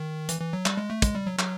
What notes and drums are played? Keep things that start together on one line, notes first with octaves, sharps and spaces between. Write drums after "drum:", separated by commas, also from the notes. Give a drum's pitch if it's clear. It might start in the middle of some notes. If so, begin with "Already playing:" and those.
Already playing: D#3
E3, drum: hi-hat
E3
F#3
G3, drum: clap
G#3
A3
G#3, drum: kick, hi-hat
G3
F#3
F#3, drum: clap